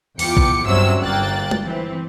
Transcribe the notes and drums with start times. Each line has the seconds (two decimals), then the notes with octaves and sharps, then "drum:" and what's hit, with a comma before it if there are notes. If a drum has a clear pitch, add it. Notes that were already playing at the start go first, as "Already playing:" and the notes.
0.19 E2 B3 F4 G5 D6 C#7, drum: open hi-hat
0.37 drum: kick A#1
0.66 G1 G2 C3 F#3 C#4 E6
1.01 G1 A#3 G5 F#6 A6
1.51 drum: tom G#3
1.65 E3 C4